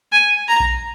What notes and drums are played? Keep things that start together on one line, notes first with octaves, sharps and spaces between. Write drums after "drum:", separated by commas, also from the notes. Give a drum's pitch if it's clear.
G#5
A#5
drum: kick A#1